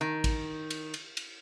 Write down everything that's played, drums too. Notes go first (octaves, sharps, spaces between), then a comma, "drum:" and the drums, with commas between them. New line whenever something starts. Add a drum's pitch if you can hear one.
D#3
drum: kick, cymbal
drum: cymbal
drum: cymbal
drum: cymbal